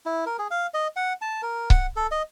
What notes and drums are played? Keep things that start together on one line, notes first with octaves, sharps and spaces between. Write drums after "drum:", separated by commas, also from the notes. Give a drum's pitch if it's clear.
E4
A#4
G#4
F5
D#5
F#5
A5
A#4
F#5, drum: kick C#1
A4
D#5